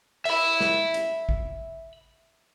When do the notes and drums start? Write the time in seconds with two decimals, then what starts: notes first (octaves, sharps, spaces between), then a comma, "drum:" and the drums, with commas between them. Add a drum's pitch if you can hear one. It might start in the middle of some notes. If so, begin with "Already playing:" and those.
0.25 E5 B5, drum: open hi-hat
0.60 drum: snare
0.94 drum: hi-hat
1.29 drum: kick G#1